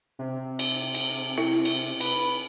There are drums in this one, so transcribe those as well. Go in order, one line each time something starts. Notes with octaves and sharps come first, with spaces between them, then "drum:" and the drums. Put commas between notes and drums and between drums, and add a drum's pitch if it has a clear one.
C3
drum: cymbal
drum: cymbal
E4
drum: cymbal
B4, drum: cymbal